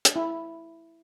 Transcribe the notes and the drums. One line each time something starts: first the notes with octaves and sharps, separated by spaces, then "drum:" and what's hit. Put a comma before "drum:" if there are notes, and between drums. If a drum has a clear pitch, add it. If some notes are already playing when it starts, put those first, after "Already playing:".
drum: hi-hat
E4